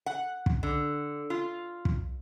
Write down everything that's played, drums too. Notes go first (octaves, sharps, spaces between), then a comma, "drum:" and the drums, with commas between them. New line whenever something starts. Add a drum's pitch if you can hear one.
F#5
drum: kick
D3
F4
drum: kick